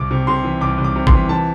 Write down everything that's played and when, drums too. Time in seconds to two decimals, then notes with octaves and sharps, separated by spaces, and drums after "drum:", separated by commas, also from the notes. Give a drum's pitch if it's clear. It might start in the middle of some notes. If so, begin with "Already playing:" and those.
Already playing: C2 D6
0.11 C3
0.27 C3 C6
0.44 E3
0.61 C2 D6
0.78 C2
0.84 D6
0.96 C3
1.07 C6, drum: kick G1
1.12 E3
1.29 E3 A5